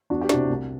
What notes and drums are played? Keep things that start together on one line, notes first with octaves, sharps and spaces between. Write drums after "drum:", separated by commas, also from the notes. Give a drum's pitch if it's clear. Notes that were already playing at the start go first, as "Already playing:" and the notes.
E2 D4 F#4
G4
C3 E3 D4 F#4, drum: snare
C2